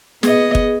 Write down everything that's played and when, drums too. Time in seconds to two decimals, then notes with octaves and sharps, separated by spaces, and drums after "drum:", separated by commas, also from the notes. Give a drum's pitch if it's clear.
0.23 B3 G#4 D#5, drum: snare
0.55 drum: kick